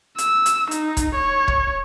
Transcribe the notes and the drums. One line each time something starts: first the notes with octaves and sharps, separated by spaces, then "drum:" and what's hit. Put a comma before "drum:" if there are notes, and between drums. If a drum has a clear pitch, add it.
E6, drum: hi-hat
drum: hi-hat
D#4, drum: hi-hat
drum: kick, hi-hat
C#5
drum: kick